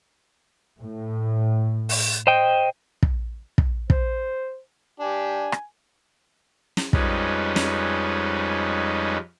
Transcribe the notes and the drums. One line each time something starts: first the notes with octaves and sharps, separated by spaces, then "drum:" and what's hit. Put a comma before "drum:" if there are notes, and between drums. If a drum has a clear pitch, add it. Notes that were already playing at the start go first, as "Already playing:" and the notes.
A2
drum: open hi-hat
C5 D#5 G5
drum: kick
drum: kick
C5, drum: kick
D4 G4 G#5
drum: rim click
drum: snare
F2 G3 G#3 C#4 D#4 B4, drum: kick
drum: snare